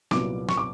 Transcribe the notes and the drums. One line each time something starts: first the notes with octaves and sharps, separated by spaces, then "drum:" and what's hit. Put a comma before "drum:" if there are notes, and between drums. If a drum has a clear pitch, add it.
C2 A#2 F#3 B3 D6, drum: snare
C#6, drum: snare
D6